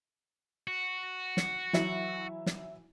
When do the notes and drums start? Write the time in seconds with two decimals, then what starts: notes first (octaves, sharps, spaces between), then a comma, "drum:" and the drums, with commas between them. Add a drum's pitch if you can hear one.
0.67 F#4
1.37 drum: snare
1.73 E3 F#3 E4, drum: snare
2.46 drum: snare